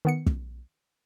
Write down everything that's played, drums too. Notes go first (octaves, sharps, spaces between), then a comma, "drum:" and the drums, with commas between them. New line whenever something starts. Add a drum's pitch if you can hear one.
D#3 B3 C#7
drum: kick